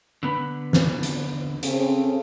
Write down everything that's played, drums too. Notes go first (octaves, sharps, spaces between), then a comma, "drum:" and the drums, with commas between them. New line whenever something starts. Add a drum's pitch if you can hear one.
D3 B3 B4
drum: snare
drum: hi-hat
C#3 C4 A4, drum: hi-hat